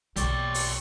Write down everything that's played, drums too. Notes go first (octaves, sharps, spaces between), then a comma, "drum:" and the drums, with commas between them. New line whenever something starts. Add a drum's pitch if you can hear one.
B1 G4 C#5 D5, drum: hi-hat
drum: open hi-hat